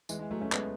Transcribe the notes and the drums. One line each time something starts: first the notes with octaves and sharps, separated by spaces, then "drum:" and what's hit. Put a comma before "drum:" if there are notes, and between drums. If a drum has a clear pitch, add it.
E3 G#3, drum: tambourine
E3 G#3
F#3 A3
A3 C#4
G#3 B3, drum: clap